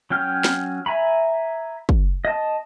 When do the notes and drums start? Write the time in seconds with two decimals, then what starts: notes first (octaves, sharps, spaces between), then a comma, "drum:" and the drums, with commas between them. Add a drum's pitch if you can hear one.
0.10 F#3 C#4 G5 F6
0.44 drum: snare
0.86 E5 G#5 A#5 B5
1.89 drum: kick
2.25 D#5 A5